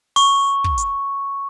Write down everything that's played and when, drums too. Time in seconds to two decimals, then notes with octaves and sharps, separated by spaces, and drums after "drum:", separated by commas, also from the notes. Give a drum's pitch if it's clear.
0.16 C#6, drum: open hi-hat
0.64 drum: kick
0.78 drum: hi-hat